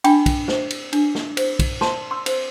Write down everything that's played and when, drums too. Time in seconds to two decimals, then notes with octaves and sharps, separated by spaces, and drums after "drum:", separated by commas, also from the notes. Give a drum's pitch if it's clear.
0.04 D4 G5 B5, drum: cymbal
0.26 drum: kick, cymbal
0.48 C5, drum: snare
0.70 drum: cymbal
0.93 D4, drum: cymbal
1.15 drum: snare
1.37 C5, drum: cymbal
1.59 drum: kick, cymbal
1.81 C5 A5 C6, drum: snare
2.11 C6 E6
2.26 C5, drum: cymbal